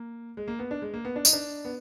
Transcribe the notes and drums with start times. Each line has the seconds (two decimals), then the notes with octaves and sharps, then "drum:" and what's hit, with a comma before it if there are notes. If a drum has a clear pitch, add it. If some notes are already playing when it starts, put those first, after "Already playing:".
Already playing: A#3
0.37 G#3
0.48 A#3
0.59 B3
0.71 D4
0.82 G#3
0.94 A#3
1.05 B3
1.16 D4
1.25 D#4, drum: tambourine
1.33 D4
1.65 B3